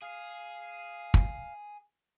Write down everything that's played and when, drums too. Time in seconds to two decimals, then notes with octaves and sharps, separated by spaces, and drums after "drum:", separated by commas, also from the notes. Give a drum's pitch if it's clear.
0.02 G#4 F5
1.14 drum: kick